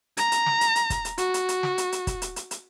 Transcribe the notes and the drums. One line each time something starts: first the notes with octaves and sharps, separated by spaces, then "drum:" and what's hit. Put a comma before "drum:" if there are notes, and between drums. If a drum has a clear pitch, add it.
A#5, drum: hi-hat
drum: hi-hat
drum: snare
drum: hi-hat
drum: hi-hat
drum: kick, hi-hat
drum: hi-hat
F#4, drum: hi-hat
drum: hi-hat
drum: hi-hat
drum: snare
drum: hi-hat
drum: hi-hat
drum: kick, hi-hat
drum: hi-hat
drum: hi-hat
drum: hi-hat